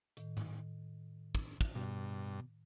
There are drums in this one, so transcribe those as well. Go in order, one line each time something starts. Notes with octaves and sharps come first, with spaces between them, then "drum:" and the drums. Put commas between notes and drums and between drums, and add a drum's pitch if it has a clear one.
A2 D#3, drum: hi-hat
drum: tom G#2
drum: kick
drum: kick
G2 B2